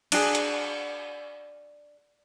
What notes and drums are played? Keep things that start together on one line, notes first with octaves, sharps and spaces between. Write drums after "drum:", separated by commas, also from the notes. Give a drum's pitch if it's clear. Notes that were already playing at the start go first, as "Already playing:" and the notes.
D4 F#4 G#4, drum: cymbal
drum: hi-hat